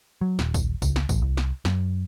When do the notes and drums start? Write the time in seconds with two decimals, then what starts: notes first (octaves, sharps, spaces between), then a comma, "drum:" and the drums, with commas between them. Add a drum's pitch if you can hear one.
0.21 F#3
0.39 D#1, drum: snare
0.54 drum: kick, tambourine
0.82 C#2, drum: kick, tambourine
0.96 drum: snare
1.09 A1, drum: kick, tambourine
1.22 C2
1.37 drum: snare
1.65 F#2, drum: snare